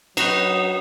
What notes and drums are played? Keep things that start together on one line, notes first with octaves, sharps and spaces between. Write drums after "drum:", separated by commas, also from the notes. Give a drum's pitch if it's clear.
F#3 D#4 F#4 B4 D#6, drum: cymbal